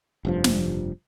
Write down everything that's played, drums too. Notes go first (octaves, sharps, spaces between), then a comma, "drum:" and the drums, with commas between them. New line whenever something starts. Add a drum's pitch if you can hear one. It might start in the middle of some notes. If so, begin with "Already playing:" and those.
F1 G2 F3
drum: snare